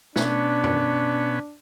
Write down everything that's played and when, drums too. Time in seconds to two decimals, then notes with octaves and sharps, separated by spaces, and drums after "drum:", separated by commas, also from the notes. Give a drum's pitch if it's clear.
0.16 B2 B3 C#4 D4, drum: snare
0.64 drum: tom